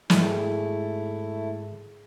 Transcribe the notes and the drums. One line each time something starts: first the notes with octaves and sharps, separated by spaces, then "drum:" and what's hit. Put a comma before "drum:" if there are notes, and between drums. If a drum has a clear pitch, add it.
G#2 D#3 A3 E4 G#4 D5, drum: snare